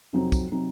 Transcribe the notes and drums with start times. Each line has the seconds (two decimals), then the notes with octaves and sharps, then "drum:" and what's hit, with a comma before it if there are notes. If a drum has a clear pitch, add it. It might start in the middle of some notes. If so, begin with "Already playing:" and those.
0.13 F2 C3 F#3 C4 D#4
0.32 drum: kick, tambourine
0.52 C3 F#3 C4 D#4